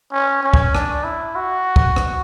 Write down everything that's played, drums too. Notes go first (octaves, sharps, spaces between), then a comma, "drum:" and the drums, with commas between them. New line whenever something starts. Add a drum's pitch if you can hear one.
C#4
C#4
drum: kick
D4, drum: rim click
E4
F#4
drum: kick
drum: rim click